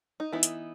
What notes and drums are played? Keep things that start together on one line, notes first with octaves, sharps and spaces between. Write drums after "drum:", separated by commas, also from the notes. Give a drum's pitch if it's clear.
D#4
E3 B3 D#4 E4
drum: hi-hat